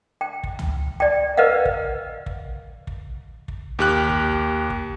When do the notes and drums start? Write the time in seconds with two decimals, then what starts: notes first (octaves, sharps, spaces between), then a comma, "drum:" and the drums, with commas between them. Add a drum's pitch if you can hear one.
0.21 G5
0.44 drum: kick
0.59 drum: tom C#2
1.00 D5 G5
1.37 A#4 B4 D#5 F5 F#5
1.65 drum: kick
2.26 drum: kick
2.87 drum: kick
3.48 drum: kick
3.79 D#2 G4 F#6
4.09 drum: kick
4.70 drum: kick